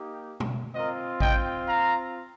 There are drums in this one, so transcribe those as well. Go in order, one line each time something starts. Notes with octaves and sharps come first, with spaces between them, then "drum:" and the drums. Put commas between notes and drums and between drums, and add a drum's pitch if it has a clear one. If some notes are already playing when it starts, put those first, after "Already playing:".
Already playing: A#3 D#4 G4
drum: tom
C4 F4 A#4 D#5
D#5 G5, drum: kick A1
F5 A#5